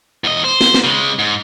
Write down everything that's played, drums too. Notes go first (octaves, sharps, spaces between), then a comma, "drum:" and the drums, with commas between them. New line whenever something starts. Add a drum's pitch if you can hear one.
E2 D#5
C5
drum: snare
drum: snare
C#3 G#3
G#2